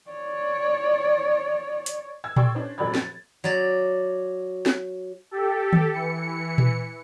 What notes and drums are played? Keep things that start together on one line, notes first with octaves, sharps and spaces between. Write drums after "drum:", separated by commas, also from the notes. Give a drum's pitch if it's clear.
C#5 D5
drum: hi-hat
E6 G#6
D5 G5 C6 C#6 E6, drum: tom A#2
C#4 D4 C5
F1 F#2 A#2 D5 B5 G#6
A6, drum: snare
F#3 D5
drum: snare
G4 A4
drum: tom D#3
E3 C#7
drum: tom A#2